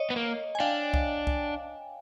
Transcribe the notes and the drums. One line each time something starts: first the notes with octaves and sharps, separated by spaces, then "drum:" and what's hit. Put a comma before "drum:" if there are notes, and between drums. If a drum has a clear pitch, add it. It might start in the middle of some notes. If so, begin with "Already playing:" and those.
Already playing: C#5 D#5
B3
A#3
G#5
D4 F5 G5
drum: kick C2
drum: kick C2